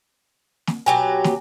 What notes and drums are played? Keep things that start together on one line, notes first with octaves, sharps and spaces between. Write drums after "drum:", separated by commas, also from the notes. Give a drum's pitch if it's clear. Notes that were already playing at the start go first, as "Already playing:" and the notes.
drum: snare
B2 F#3 G4 G5 G#5
drum: snare